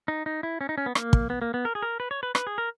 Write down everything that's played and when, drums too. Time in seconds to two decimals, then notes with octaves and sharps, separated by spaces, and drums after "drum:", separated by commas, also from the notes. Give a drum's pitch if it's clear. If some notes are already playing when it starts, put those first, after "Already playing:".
0.08 D#4
0.26 D#4
0.43 E4
0.61 C#4
0.69 D#4
0.78 C#4
0.86 B3
0.95 A#3, drum: rim click
1.13 drum: kick
1.30 B3
1.42 A#3
1.54 B3
1.65 A#4
1.75 G#4
1.82 A#4
2.00 B4
2.11 C#5
2.23 B4
2.35 B4, drum: rim click
2.47 G#4
2.58 A#4